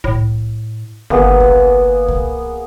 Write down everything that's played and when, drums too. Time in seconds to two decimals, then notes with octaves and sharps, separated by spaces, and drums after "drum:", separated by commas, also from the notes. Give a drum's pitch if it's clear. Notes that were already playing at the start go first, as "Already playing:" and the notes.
0.04 A2, drum: kick C2
1.10 G1 A#3 B3 G#4
1.40 drum: kick C2
2.08 drum: kick C2